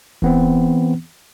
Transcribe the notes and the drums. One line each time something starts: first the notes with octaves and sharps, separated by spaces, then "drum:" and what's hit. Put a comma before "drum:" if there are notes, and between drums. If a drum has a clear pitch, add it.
E3 B3 C4, drum: kick D#1